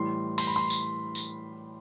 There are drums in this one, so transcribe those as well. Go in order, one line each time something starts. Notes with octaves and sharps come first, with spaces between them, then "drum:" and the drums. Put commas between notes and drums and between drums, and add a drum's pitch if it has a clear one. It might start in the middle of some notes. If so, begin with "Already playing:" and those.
Already playing: A2 E3 G3 C6
C6, drum: open hi-hat
B5
C6
drum: tambourine
drum: tambourine